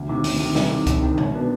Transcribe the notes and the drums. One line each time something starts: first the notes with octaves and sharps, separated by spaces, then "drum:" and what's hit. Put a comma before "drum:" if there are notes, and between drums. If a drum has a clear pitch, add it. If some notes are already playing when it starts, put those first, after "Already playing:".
Already playing: D2
C3 D#3
D2, drum: open hi-hat
C3 D#3
C2, drum: snare
C3 D#3
C2, drum: kick C#2, hi-hat
C3 D#3
C2, drum: tom C3
B2 B3 D4